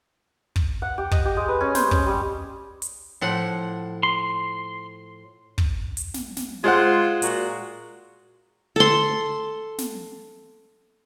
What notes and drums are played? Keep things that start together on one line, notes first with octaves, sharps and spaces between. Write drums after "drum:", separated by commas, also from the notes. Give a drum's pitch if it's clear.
drum: kick
F#5
G4
D#5, drum: kick
G4
G#3
B4
C#4
C5, drum: snare
C#4, drum: kick
G3
drum: hi-hat
A2 F3 F#5
C6
drum: kick
drum: hi-hat
drum: snare
drum: snare
G#3 F4 C5 F#5
A#2 F#4, drum: hi-hat
A4 C6
drum: snare